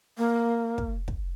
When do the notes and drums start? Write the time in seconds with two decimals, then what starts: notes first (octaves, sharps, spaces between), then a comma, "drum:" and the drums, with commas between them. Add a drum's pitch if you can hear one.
0.18 A#3
0.78 drum: kick
1.08 drum: kick